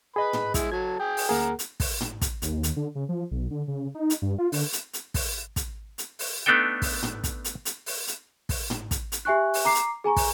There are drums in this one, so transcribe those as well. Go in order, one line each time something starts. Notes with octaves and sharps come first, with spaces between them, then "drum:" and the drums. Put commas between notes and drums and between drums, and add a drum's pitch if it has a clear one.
G#4 B4 D#5 B5
drum: tom
G#3 E4, drum: kick, hi-hat
F#3 A4 G#6
G#4 G5
drum: open hi-hat
D2 A#3 G#4 A#4 F#5
drum: hi-hat
drum: kick, open hi-hat
drum: tom
drum: kick, hi-hat
D#2, drum: hi-hat
drum: hi-hat
D3
C#3
F3
B1
D3
C#3
D#4
drum: hi-hat
G2
F4
D3, drum: open hi-hat
drum: hi-hat
drum: hi-hat
drum: kick, open hi-hat
drum: kick, hi-hat
drum: hi-hat
drum: open hi-hat
A3 B3 D4 D#4 A4 G5
drum: kick, open hi-hat
drum: tom
drum: kick, hi-hat
drum: hi-hat
drum: hi-hat
drum: open hi-hat
drum: hi-hat
drum: kick, open hi-hat
drum: tom
drum: kick, hi-hat
drum: hi-hat
G4 E5 G#5 C#6 F#6
drum: open hi-hat
A#5 D6 C7
drum: hi-hat
G#4 G#5 A#5 C#6
drum: kick, open hi-hat